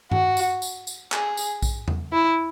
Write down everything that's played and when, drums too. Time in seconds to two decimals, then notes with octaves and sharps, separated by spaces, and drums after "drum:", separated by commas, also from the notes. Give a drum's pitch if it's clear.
0.12 F#4, drum: tom G2
0.37 drum: tambourine
0.62 drum: tambourine
0.87 drum: tambourine
1.12 G#4, drum: clap
1.37 drum: tambourine
1.62 drum: kick A#1, tambourine
1.88 drum: tom E2
2.13 E4